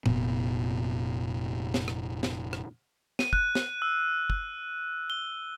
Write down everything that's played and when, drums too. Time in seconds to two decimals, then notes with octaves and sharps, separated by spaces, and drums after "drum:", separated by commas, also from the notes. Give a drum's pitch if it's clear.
0.06 F1 A#2 B3, drum: tom
1.74 drum: snare
1.88 drum: rim click
2.23 drum: snare
2.53 drum: rim click
3.19 D#7, drum: snare
3.33 F#6, drum: kick
3.55 drum: snare
3.82 E6
4.30 drum: kick
5.10 G7